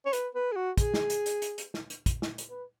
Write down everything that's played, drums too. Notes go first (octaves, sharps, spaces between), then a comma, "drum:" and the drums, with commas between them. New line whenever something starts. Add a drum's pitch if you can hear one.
C#5
B4, drum: hi-hat
B4
G#4
F#4
G#4, drum: kick, hi-hat
drum: snare
drum: hi-hat
drum: hi-hat
drum: hi-hat
drum: hi-hat
drum: snare
drum: hi-hat
drum: kick, hi-hat
drum: snare
drum: hi-hat
B4